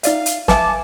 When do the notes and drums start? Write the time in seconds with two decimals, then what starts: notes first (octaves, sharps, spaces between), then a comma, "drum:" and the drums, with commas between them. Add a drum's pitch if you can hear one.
0.03 D#4 D5 E5 F5, drum: hi-hat
0.26 drum: hi-hat
0.48 B4 E5 G#5 A5 D6, drum: snare